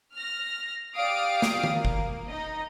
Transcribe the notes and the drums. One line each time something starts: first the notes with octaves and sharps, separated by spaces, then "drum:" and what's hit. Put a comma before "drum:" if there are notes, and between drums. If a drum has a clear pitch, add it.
F6 A#6
G4 D5 F5 D#6 D7
drum: snare
drum: tom D#3
A#3
drum: kick G1
D#4 D#5